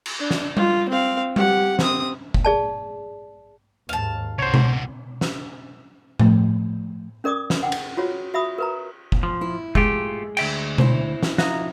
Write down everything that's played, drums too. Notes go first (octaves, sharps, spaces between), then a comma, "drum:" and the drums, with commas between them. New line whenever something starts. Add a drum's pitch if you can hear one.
drum: cymbal
D4
drum: snare
F4, drum: tom G3
C4 F5
G4 F#5, drum: tom G3
C4 D#6, drum: snare
drum: kick F#1
G#4 D5 A5
D#2 G#2 F5 A5
C2 C3 F#4 C5 C#5
drum: tom B2
drum: snare
F3 A3, drum: tom A2
C#4 A#4 D5 D6 D#6
drum: snare
F#5 G5
drum: cymbal
F4 F#4 C#5
F#4 E5 B5 D#6
A#4 B4 A#5
drum: kick F#1
F3
E4
G#3 A3 F4 G4, drum: kick F#1
D2 E5 G5, drum: cymbal
E4 C5, drum: tom B2
drum: snare
F3 D#4 E4 F#4 A#5, drum: snare